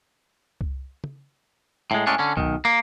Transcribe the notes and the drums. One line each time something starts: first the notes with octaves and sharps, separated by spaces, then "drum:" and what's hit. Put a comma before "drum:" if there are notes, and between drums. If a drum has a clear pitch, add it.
drum: kick C2
drum: tom
A2 G#3
A2 G#3 C#4 D4
D3 C#4
B1 D#3, drum: kick C2
A#3